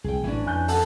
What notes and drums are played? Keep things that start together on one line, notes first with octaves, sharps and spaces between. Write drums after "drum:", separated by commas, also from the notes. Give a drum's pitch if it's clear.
C2 G#4 G5
A1 E3 C#4 D4
F2 G#5 F#6 G6
A4 F#5 A5, drum: open hi-hat